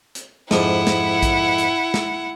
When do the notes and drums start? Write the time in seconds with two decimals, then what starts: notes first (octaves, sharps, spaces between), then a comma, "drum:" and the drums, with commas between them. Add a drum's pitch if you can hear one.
0.15 drum: hi-hat
0.51 F2 G#2 D4 E4 F#5, drum: snare
0.87 drum: snare
1.22 drum: kick A#1, hi-hat
1.58 drum: hi-hat
1.94 drum: snare